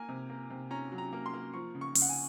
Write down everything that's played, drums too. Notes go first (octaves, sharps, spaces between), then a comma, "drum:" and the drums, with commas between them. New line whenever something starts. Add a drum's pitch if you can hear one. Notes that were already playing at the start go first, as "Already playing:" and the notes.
Already playing: A#3 G#5
C3
A#3
C3
C#4 A#5
F#3
A#5
A#3
C6
A#3
F3 C#6
C#3
C#6
C#3, drum: open hi-hat
F#5
G#5